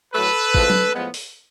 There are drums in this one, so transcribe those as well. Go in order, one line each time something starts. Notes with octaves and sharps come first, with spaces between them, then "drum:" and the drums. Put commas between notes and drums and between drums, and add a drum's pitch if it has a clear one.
A2 F#3 A3 A4 B4
A2 F3 G#3 C4, drum: kick
drum: tom
A2 F3 G#3 B3
drum: open hi-hat